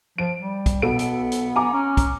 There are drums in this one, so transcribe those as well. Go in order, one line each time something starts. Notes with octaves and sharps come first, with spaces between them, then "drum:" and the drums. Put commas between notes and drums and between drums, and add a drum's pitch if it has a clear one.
F3 D7
G3
drum: kick, hi-hat
B1 B3 A4 D7
drum: hi-hat
drum: hi-hat
G#5 A#5 D6
C#4
drum: kick, hi-hat